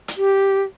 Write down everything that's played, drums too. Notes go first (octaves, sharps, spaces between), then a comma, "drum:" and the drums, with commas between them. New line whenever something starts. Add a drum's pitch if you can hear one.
drum: hi-hat
G4